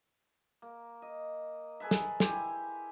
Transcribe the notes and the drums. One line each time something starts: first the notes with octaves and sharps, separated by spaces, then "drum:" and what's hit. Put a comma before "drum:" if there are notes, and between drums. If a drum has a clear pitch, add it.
A#3
D#5
G#4 A4 B4 E5
drum: snare
E4 G4 G#5 C6, drum: snare